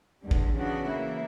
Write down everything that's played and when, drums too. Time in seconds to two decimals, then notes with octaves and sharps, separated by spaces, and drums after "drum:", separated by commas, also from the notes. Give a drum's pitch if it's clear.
0.21 E2 D3 G3
0.31 drum: kick
0.53 C#3 E3 B3 D4 F#4
0.87 E3 A#3 E4